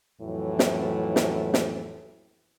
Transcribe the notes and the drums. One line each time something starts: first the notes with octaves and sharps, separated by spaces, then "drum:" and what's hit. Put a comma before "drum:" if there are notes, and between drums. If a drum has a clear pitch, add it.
F2 A2 E3 F#3
drum: snare
drum: snare
drum: snare